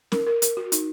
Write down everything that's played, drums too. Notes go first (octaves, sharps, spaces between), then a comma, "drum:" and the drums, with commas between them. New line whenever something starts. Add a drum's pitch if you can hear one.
A#4, drum: snare C#4
A#4
A#4, drum: hi-hat
F#4
D#4, drum: hi-hat